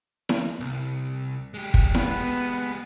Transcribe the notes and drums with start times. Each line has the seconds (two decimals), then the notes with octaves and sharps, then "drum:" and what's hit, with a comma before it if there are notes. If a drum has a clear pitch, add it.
0.29 drum: snare E4
0.60 C2
1.54 G#3 G4
1.74 drum: kick
1.95 B3, drum: snare E4